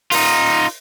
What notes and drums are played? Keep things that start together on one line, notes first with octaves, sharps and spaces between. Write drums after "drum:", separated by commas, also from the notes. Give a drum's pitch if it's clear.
D#4 F4, drum: open hi-hat